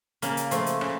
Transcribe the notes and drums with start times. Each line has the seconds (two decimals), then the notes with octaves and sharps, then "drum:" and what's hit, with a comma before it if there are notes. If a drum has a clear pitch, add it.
0.22 C#3 A#3, drum: hi-hat
0.37 drum: hi-hat
0.51 F3 A3, drum: hi-hat
0.66 drum: hi-hat
0.81 C#3, drum: rim click